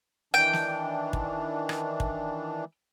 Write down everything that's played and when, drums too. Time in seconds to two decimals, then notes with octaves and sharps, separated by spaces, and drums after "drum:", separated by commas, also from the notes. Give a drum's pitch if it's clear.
0.34 D#3 E3 D4 G5
0.53 drum: snare
1.13 drum: kick
1.69 drum: rim click
2.00 drum: kick